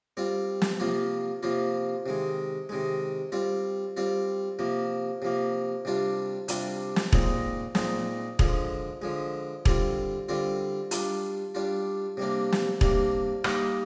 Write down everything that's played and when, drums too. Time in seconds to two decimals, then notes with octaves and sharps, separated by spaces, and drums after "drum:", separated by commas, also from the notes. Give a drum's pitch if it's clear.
0.17 G3 C4 F4
0.62 drum: snare
0.80 C3 F3 A#3 F4
1.43 C3 F3 A#3 F4
2.06 C3 D#3 G#3
2.69 C3 D#3 G#3
3.32 G3 C4 F4
3.97 G3 C4 F4
4.59 C3 F3 A#3
5.22 C3 F3 A#3
5.85 C3 G3 D4 F4
6.48 C3 G3 D4 F4, drum: hi-hat
6.96 drum: snare
7.12 A#2 G#3 C4 D#4, drum: kick E1
7.75 A#2 G#3 C4 D#4, drum: snare
8.39 D3 F3 G#3, drum: kick E1
9.02 D3 F3 G#3
9.65 D3 G3 C4 F4, drum: kick E1
10.29 D3 G3 C4 F4
10.91 G3 D4 F4, drum: hi-hat
11.55 G3 D4 F4
12.17 C3 G3 A#3 D4
12.52 drum: snare
12.81 C3 G3 A#3 D4, drum: kick E1
13.44 G3 A#3 D#4, drum: rim click